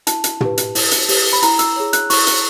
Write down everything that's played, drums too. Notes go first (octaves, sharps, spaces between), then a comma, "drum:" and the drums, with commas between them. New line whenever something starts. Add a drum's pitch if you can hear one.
E4 A5, drum: hi-hat
drum: hi-hat
G4 B4, drum: tom
drum: hi-hat
E4, drum: open hi-hat
drum: hi-hat
G4 B4, drum: open hi-hat
B5
E4 A#5, drum: hi-hat
E6, drum: hi-hat
G#4 C#5
F#6, drum: hi-hat
E4 C#6, drum: open hi-hat
drum: hi-hat